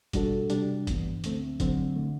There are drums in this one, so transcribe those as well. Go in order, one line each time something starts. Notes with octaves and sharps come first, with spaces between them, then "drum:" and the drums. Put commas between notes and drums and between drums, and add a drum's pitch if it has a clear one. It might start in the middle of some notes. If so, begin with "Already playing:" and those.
B2 G3 D4 F#4 A4, drum: kick, hi-hat
C3 G3 D4 G4, drum: hi-hat
G2 E3 B3, drum: kick, hi-hat
D2 D3 A3 C4, drum: hi-hat
D3 F#3 C4, drum: kick, hi-hat
D3 A3